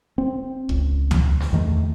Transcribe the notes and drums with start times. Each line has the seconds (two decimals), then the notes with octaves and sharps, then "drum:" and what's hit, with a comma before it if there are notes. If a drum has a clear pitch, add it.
0.18 C4
0.69 C#2, drum: kick E1
1.11 drum: tom D2
1.40 drum: snare
1.52 E2 D#3 A3